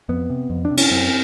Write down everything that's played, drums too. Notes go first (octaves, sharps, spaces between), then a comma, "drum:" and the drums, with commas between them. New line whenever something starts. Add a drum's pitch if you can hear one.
F2 B3
C3
F2
D4
C3
C#4, drum: cymbal
F#2 C4